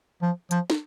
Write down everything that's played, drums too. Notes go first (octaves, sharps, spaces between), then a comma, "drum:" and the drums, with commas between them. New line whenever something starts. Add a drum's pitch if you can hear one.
F3
F3, drum: hi-hat
drum: snare